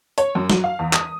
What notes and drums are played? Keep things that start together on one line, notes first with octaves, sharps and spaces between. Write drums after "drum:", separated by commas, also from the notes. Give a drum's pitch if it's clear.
C#5, drum: hi-hat
F#2
F#3, drum: snare
F5
E2
D#6, drum: clap